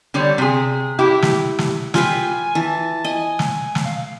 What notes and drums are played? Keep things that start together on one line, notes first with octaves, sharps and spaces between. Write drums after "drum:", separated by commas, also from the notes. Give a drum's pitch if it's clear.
D3 G3 C#5
C3 G#4
E4 G4
drum: snare
drum: snare
F4 G4 B4 G#5, drum: snare
E3 A5
D#5 G#5
drum: snare
drum: snare
F5